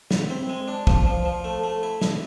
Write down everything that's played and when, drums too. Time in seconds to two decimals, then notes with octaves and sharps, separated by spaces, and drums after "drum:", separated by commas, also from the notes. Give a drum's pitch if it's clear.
0.11 E4, drum: snare
0.30 C4
0.49 G#3
0.68 D4
0.87 F3, drum: kick
1.07 F3
1.25 F3
1.44 A3
1.64 A3
1.83 E4
2.01 E4, drum: snare